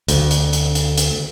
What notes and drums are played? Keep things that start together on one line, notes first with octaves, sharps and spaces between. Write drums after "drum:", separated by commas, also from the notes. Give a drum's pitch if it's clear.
D2, drum: hi-hat
drum: hi-hat
drum: hi-hat
drum: hi-hat
drum: hi-hat